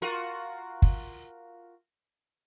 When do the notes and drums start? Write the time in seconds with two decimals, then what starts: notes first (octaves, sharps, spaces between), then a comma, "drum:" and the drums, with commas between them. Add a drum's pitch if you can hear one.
0.02 F4 F#4 A#4
0.82 drum: kick